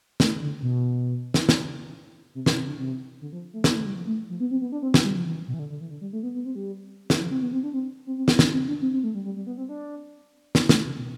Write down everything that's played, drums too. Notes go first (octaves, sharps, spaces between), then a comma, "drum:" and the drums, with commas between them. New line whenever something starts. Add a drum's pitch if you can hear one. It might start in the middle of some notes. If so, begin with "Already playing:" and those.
A3, drum: snare
D3
B2
drum: snare
drum: snare
C3
B2, drum: snare
C3
D3
C3
D3
F3
A3
B3, drum: snare
A3
G3
F3
A3
F3
B3
C4
B3
D4
C4
B3, drum: snare
G3
F3
E3
B2
E3
D3
D3
E3
D3
G3
A3
B3
B3
C4
G3
E3, drum: snare
F3
C4
B3
C4
D4
C4
C4
C4
B3, drum: snare
D4, drum: snare
C4
D4
C4
C4
A3
G3
G3
G3
B3
C4
D4
B3, drum: snare
A3, drum: snare
C3
B2